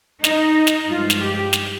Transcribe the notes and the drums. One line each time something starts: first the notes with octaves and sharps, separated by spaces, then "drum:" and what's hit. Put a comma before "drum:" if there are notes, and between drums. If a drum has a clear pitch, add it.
D#4, drum: snare
drum: snare
G2 F3 G#3 F4
drum: snare
G4
drum: snare